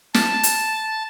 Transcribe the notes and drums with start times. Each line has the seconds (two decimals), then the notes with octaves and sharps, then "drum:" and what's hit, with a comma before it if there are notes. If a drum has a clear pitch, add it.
0.14 A5, drum: snare
0.43 drum: hi-hat